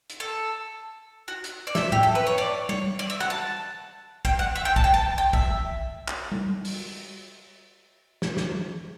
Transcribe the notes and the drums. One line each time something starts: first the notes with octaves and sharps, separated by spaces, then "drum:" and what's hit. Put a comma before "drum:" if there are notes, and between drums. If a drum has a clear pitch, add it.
drum: hi-hat
A4
F#4
drum: hi-hat
D5
E5, drum: snare
G4, drum: tom A2
A4
B4
C#5
D5
C#5, drum: tom G3
D5
E5
F#5, drum: rim click
A5
G5, drum: kick
F#5
E5
G5
A5, drum: kick
G5
A5
G5
E5, drum: kick
drum: clap
drum: tom G3
drum: open hi-hat
drum: snare
drum: snare